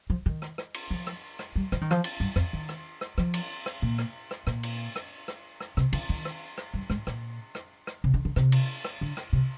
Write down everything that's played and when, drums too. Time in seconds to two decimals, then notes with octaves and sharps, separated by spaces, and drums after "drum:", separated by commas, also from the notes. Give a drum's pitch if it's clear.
0.10 F3
0.26 D#3
0.42 drum: rim click
0.58 drum: rim click
0.74 drum: cymbal
0.91 F3
1.07 drum: rim click
1.39 drum: rim click
1.56 G3
1.72 F3, drum: rim click
1.81 D#3
1.91 F3, drum: rim click
2.04 drum: cymbal
2.20 G2
2.36 F2, drum: rim click
2.53 D#3
2.69 drum: rim click
3.01 drum: rim click
3.18 F3, drum: rim click
3.34 drum: cymbal
3.66 drum: rim click
3.82 A#2
3.98 drum: rim click
4.31 drum: rim click
4.47 A#2, drum: rim click
4.63 drum: cymbal
4.96 drum: rim click
5.28 drum: rim click
5.60 drum: rim click
5.77 C3, drum: rim click
5.93 D3, drum: cymbal
6.09 D#3
6.25 drum: rim click
6.58 drum: rim click
6.74 G2
6.90 G#2, drum: rim click
7.07 A#2, drum: rim click
7.55 drum: rim click
7.87 drum: rim click
8.04 C3
8.14 D3
8.25 D3
8.36 C3, drum: rim click
8.52 drum: cymbal
8.85 drum: rim click
9.01 D3
9.17 drum: rim click
9.33 C3